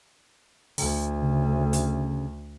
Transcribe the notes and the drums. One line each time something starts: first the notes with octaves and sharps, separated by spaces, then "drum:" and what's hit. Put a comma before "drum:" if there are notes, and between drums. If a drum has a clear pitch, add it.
D2, drum: open hi-hat
C#3
drum: hi-hat